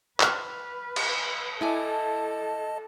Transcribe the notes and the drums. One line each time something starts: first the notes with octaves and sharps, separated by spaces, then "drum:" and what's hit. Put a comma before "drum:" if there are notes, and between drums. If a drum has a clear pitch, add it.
B4 F6 F#6, drum: clap
drum: cymbal
E4 A4 D#5 G#5 A5 D6